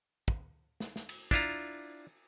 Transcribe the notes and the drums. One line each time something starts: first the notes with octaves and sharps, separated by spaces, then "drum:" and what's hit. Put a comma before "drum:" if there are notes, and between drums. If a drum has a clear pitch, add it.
drum: kick
drum: snare
drum: snare
drum: cymbal
D4 E4 F4 A#5, drum: kick